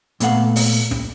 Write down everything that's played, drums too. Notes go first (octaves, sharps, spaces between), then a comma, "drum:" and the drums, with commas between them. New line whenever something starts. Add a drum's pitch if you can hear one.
A#2 A3 B3 A4 F5 F#5, drum: hi-hat
drum: open hi-hat
drum: snare